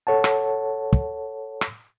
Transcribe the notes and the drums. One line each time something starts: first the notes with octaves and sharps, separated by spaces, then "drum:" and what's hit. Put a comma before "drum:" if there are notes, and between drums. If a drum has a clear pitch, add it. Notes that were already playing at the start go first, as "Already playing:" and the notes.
A4 C#5 F#5 A5
drum: rim click
drum: kick
drum: rim click